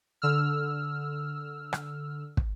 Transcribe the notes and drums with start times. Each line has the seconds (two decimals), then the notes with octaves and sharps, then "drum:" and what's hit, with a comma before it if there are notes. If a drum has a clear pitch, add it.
0.22 D3 E6 F6
1.73 drum: rim click
2.37 drum: kick